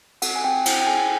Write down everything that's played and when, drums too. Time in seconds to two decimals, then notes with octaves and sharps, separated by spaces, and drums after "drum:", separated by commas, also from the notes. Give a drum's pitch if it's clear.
0.22 C4 F#5, drum: cymbal
0.36 G#5
0.44 C4 G5
0.66 E4 F#5, drum: cymbal
0.81 G5
0.87 G#4 G#5